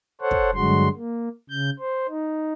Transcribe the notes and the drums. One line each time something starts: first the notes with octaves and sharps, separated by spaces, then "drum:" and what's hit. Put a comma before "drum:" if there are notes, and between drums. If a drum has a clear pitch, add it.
A4 C5 C#5 F#5
drum: kick
G2 D3 F#3 G#3 F#4 C6
A#3
C#3 G6
C5
D#4